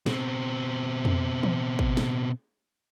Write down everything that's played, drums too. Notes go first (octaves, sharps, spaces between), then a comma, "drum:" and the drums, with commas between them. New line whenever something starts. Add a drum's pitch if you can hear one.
B2 C4, drum: snare
drum: tom F2
drum: tom E3
drum: kick
drum: snare